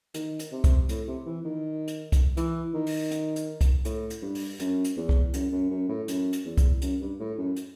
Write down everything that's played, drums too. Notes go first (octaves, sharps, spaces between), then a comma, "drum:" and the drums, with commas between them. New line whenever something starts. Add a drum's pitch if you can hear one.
D#3, drum: hi-hat
drum: hi-hat
C3
drum: kick C2, hi-hat
A2, drum: hi-hat
C3
E3
D#3
drum: hi-hat
drum: kick C2, hi-hat
E3, drum: hi-hat
D#3
drum: open hi-hat
drum: hi-hat
drum: hi-hat
drum: kick C2, hi-hat
A2, drum: hi-hat
drum: hi-hat
G2
drum: open hi-hat
F#2, drum: hi-hat
drum: hi-hat
E2
drum: kick C2
F#2, drum: hi-hat
F#2
F#2
A2
F#2, drum: hi-hat
drum: hi-hat
E2
drum: kick C2, hi-hat
F#2, drum: hi-hat
G2
A2
F#2
drum: hi-hat